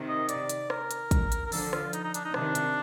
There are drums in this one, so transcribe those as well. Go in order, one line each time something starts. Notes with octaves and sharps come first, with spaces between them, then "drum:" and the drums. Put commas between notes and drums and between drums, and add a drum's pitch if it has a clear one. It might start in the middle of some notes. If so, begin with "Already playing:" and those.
Already playing: C3 D#3
D#5
D5, drum: hi-hat
drum: hi-hat
A#4, drum: rim click
drum: hi-hat
drum: kick, hi-hat
drum: hi-hat
A#4
D3 F3 A4, drum: open hi-hat
F4, drum: rim click
D#4, drum: hi-hat
D#4
D4, drum: hi-hat
D#4
C3 D#3 D4, drum: rim click
drum: hi-hat